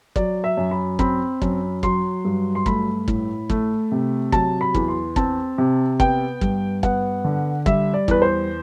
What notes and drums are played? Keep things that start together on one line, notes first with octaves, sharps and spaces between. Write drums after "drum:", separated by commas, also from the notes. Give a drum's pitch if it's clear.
F#3 D5, drum: kick
E5
F#2
B5
C4 B5, drum: kick
F#2, drum: kick
F#3 C6, drum: kick
G2
C6
A3 B5, drum: kick
A2, drum: kick
A3, drum: kick
C3
F#3 A5, drum: kick
B5
E2, drum: kick
C6
C4 A5, drum: kick
C3
B3 G5, drum: kick
G2, drum: kick
B3 F#5, drum: kick
D3
G3 E5, drum: kick
D5
E2 B4, drum: kick
C5